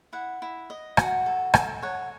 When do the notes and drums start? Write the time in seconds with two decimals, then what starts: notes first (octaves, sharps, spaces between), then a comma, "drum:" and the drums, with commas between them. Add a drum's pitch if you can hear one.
0.13 E4 F#5
0.42 E4
0.70 D#5
0.97 F#4, drum: rim click
1.26 A4
1.54 A4, drum: rim click
1.82 C#5 F#5